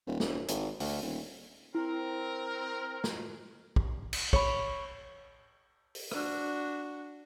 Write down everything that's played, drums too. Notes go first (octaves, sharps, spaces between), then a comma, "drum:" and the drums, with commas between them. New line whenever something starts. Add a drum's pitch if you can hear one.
D#1
E1, drum: snare
G#1, drum: hi-hat
D2, drum: open hi-hat
D#1
C4 E4 A#4
drum: snare
drum: kick
drum: cymbal
C#5 B5, drum: kick
drum: open hi-hat
D4 F#4, drum: rim click